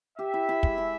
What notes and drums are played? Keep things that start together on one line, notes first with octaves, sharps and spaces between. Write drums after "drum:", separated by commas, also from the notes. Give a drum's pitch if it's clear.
G4 E5
E4
E4
G#3, drum: kick
E4